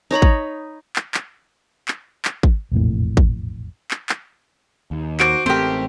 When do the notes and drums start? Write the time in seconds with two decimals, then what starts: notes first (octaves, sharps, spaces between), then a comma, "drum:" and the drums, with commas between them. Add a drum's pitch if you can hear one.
0.11 D#4 C#5 A#5 B5
0.22 drum: kick
0.96 drum: clap
1.14 drum: clap
1.88 drum: clap
2.25 drum: clap
2.43 drum: kick
2.72 E1 A#1 F2 A2
3.17 drum: kick
3.91 drum: clap
4.09 drum: clap
4.91 D#2
5.20 F#4 C5 D6 D7, drum: clap
5.46 A1 A3 C4 G4 A#4 C5